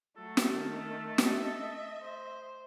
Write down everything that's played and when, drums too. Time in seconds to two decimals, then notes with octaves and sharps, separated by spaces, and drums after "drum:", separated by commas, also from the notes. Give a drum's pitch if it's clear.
0.17 F#3 A3 A4
0.37 drum: snare
0.51 D#3
1.18 D#5 E5, drum: snare
2.02 C5